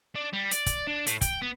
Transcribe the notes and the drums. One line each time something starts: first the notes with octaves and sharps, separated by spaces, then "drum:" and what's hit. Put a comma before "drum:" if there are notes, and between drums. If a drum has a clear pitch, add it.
D4
G3
D5, drum: hi-hat
drum: kick, hi-hat
D4
A2, drum: hi-hat
G5, drum: kick, hi-hat
B3